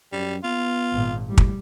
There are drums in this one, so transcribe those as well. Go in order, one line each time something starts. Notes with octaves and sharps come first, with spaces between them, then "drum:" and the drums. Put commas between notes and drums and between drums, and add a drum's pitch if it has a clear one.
F#2 G3
B3 F4
G#1 A#2
A2 G3
drum: kick